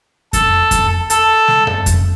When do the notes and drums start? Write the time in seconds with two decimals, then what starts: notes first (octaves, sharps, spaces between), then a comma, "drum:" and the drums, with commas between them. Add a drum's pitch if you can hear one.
0.33 A4, drum: kick F2, hi-hat
0.71 drum: kick F2, hi-hat
1.10 A4, drum: hi-hat
1.48 drum: snare
1.67 drum: tom F2
1.86 drum: kick F2, hi-hat